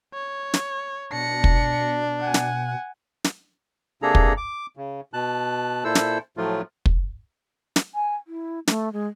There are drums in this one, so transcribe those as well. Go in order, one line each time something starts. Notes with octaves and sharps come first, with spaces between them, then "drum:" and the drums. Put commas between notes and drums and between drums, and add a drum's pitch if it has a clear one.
C#5
drum: snare
B2 D4 A#6 C#7
drum: kick
F#5 G#5
drum: snare
drum: snare
C3 A#3 D4 G#4 A4 A#5
drum: kick
D6
C#3
B2 A5 F#6
A#2 E4 A4 C5 E6
drum: snare
A2 F3 F#3 A3 F4
drum: kick
drum: snare
G#5
E4
A3, drum: snare
G#3